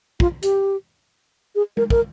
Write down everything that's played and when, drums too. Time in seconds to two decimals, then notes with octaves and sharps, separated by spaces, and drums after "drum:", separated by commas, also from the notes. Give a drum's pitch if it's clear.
0.20 F4, drum: kick
0.43 G4, drum: hi-hat
1.55 G#4
1.77 A#4, drum: tom G#3
1.90 A#4, drum: kick